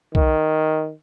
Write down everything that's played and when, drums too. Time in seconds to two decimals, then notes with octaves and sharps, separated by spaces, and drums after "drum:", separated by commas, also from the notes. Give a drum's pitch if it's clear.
0.15 D#3, drum: kick B1